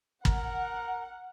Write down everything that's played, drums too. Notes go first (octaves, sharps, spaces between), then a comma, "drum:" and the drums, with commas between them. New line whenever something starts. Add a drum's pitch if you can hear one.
A#4 F#5, drum: kick